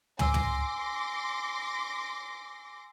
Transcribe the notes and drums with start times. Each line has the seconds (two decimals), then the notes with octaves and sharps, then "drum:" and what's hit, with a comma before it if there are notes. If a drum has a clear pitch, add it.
0.19 G#5 C6 D6 E6 A#6, drum: tom
0.34 drum: tom